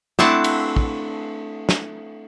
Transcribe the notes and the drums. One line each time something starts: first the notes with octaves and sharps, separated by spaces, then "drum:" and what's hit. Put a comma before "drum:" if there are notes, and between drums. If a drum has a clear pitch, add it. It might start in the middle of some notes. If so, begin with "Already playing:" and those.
A3 C4 D4 E4 F#5 A5, drum: snare
drum: cymbal
drum: kick
drum: snare